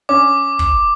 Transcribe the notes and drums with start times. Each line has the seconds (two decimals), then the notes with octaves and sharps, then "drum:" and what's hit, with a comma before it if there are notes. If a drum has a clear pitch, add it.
0.09 C#4 D6
0.59 drum: kick